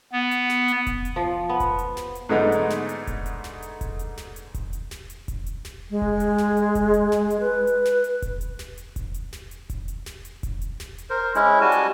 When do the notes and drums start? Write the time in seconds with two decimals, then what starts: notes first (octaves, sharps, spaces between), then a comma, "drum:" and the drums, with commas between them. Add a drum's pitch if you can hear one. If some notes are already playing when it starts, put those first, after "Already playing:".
0.12 B3
0.31 drum: hi-hat
0.50 drum: snare
0.68 drum: hi-hat
0.87 drum: kick E1, hi-hat
1.05 drum: hi-hat
1.16 F3
1.49 B3
1.60 drum: kick E1, hi-hat
1.79 drum: hi-hat
1.97 drum: snare
2.15 drum: hi-hat
2.29 G#2 D3 G#3 A3 B3 D#4
2.52 drum: hi-hat
2.71 drum: snare
2.89 drum: hi-hat
3.07 drum: kick E1, hi-hat
3.26 drum: hi-hat
3.44 drum: snare
3.62 drum: hi-hat
3.81 drum: kick E1, hi-hat
3.99 drum: hi-hat
4.18 drum: snare
4.36 drum: hi-hat
4.54 drum: kick E1, hi-hat
4.73 drum: hi-hat
4.91 drum: snare
5.10 drum: hi-hat
5.28 drum: kick E1, hi-hat
5.46 drum: hi-hat
5.65 drum: snare
5.91 G#3
6.02 drum: kick E1
6.20 drum: hi-hat
6.38 drum: snare
6.57 drum: hi-hat
6.75 drum: kick E1, hi-hat
6.94 drum: hi-hat
7.12 drum: snare
7.30 drum: hi-hat
7.40 B4
7.67 drum: hi-hat
7.86 drum: snare
8.04 drum: hi-hat
8.22 drum: kick E1, hi-hat
8.41 drum: hi-hat
8.59 drum: snare
8.78 drum: hi-hat
8.96 drum: kick E1, hi-hat
9.14 drum: hi-hat
9.33 drum: snare
9.51 drum: hi-hat
9.70 drum: kick E1, hi-hat
9.88 drum: hi-hat
10.06 drum: snare
10.25 drum: hi-hat
10.43 drum: kick E1, hi-hat
10.62 drum: hi-hat
10.80 drum: snare
10.98 drum: hi-hat
11.10 A#4 C5
11.35 G#3 C#4 E4, drum: hi-hat
11.61 G3 F#4 G#5 A5
11.72 drum: hi-hat